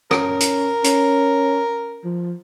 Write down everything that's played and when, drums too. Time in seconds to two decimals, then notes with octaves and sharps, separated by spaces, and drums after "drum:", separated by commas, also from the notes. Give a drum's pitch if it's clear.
0.11 C#4 A#4, drum: rim click
0.40 drum: hi-hat
0.84 C#4, drum: hi-hat
2.04 F3